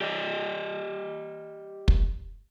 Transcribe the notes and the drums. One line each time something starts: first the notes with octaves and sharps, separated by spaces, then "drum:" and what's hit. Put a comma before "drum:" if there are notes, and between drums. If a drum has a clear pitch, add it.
G4 D5 D#5
drum: kick